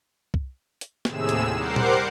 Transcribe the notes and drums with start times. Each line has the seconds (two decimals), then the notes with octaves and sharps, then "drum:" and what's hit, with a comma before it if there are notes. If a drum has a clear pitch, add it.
0.34 drum: kick
0.81 drum: hi-hat
1.05 D#2 A2 C3 G#4 E6 E7, drum: snare
1.29 drum: hi-hat
1.54 G3 A#4 C5 F#5 D6 C7
1.76 drum: tom A#2